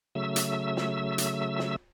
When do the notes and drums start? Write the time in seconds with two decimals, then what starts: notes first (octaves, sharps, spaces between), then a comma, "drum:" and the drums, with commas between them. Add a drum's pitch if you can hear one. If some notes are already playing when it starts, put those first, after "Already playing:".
0.15 C#3 F#3 A3 E5 E6
0.36 drum: hi-hat
0.77 drum: snare
1.18 drum: hi-hat
1.59 drum: snare